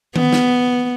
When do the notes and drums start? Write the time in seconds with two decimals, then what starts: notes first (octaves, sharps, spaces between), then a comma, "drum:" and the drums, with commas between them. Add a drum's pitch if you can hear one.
0.16 B3, drum: tom D#3
0.33 drum: snare